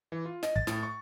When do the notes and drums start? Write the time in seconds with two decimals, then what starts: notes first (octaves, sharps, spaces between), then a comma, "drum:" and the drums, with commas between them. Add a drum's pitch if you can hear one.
0.12 E3
0.25 F4
0.43 D#5, drum: snare
0.56 A6, drum: kick
0.67 A2, drum: snare
0.83 C#6